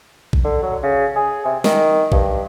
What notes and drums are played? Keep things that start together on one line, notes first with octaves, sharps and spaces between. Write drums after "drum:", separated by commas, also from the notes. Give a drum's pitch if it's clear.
drum: kick A1
D3
F#3
C#3
G#4
C3
D#3, drum: snare
G2, drum: kick A1